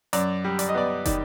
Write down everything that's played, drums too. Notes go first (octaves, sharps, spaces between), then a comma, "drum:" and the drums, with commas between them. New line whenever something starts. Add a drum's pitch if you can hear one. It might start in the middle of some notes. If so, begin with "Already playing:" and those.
F#2 D5, drum: hi-hat
G3
D5, drum: hi-hat
D#5
B3 D5
D#3 D5, drum: kick, hi-hat